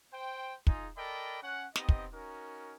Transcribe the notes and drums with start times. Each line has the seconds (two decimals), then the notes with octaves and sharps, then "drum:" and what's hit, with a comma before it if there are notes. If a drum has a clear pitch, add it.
0.13 C5 G5
0.67 D#4 F4 G#4, drum: kick
0.97 A4 A#4 D5 D#5 G5 B5
1.42 C#4 F#5
1.76 B3 C4 D#4 G4 D#5, drum: snare
1.89 drum: kick
2.14 C#4 D#4 F#4 A#4